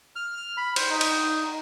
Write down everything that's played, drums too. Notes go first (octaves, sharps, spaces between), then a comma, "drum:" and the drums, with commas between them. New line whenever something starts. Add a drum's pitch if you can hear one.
F6
B5
C5, drum: cymbal
D#4
drum: cymbal